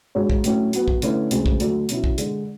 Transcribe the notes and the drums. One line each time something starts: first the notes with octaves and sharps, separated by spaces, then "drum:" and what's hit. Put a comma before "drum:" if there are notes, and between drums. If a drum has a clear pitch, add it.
G#2 G#3 D4 F#4 C#5
drum: kick
A2 F#3 A3 C#4, drum: hi-hat
F#3 B3 F#4, drum: hi-hat
drum: kick
D3 A3 C#4 E4 B4, drum: hi-hat
D2 C#3 G#3, drum: hi-hat
drum: kick
D3 F#3 A3 D4, drum: hi-hat
B2 F#3 C#4 E4, drum: hi-hat
drum: kick
D3 G#3 D4, drum: hi-hat